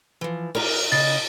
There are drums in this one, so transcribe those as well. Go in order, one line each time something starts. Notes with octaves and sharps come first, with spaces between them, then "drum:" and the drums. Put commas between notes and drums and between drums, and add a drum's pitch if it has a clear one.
E3 F3
A#4 A#5, drum: cymbal
C#3 D#5 A6